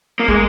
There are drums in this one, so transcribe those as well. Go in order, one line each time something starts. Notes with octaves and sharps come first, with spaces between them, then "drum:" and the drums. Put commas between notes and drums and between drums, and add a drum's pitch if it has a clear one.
A#3
G#3, drum: kick